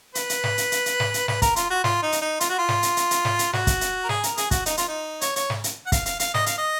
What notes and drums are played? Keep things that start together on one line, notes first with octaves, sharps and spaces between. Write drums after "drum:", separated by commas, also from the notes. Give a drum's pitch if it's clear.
B4, drum: hi-hat
drum: hi-hat
drum: snare
drum: hi-hat
drum: hi-hat
drum: hi-hat
drum: snare
drum: hi-hat
B4, drum: snare
A#4, drum: kick, hi-hat
F4, drum: hi-hat
F#4
F4, drum: snare
D#4
drum: hi-hat
D#4
F4, drum: hi-hat
F#4
F4
drum: snare
drum: hi-hat
drum: hi-hat
drum: hi-hat
drum: snare
drum: hi-hat
F#4, drum: snare
drum: kick, hi-hat
drum: hi-hat
A#4
G#4, drum: snare
A#4, drum: hi-hat
G#4, drum: hi-hat
F#4, drum: kick, hi-hat
D#4, drum: hi-hat
F4, drum: hi-hat
D#4
C#5, drum: hi-hat
C#5, drum: hi-hat
drum: snare
drum: hi-hat
F#5
F5, drum: kick, hi-hat
F5, drum: hi-hat
F5, drum: hi-hat
D#5, drum: snare
F5, drum: hi-hat
D#5